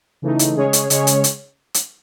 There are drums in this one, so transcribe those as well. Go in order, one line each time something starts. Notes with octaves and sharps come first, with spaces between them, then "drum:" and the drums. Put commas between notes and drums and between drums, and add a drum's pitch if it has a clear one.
C#3 E3 A3 D#4
drum: hi-hat
C#3 G#3 C#4 G#4 C#5
drum: hi-hat
C#3 G#3 C#4 G#4 C#5, drum: hi-hat
drum: hi-hat
drum: hi-hat
drum: hi-hat